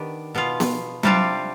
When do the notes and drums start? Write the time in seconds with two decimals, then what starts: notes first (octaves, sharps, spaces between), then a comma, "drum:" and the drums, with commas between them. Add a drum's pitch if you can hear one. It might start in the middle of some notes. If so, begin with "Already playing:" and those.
Already playing: D#3 B3 D4 G4
0.35 B2 B3 F4
0.60 drum: snare B3
1.03 C3 G3 D4 F4, drum: tom F#3